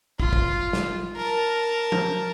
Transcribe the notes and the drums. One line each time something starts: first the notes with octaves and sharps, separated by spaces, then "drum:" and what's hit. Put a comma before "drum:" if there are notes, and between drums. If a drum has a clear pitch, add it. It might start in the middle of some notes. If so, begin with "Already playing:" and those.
F4, drum: kick
drum: kick
drum: snare
A#4 A5
drum: tom F3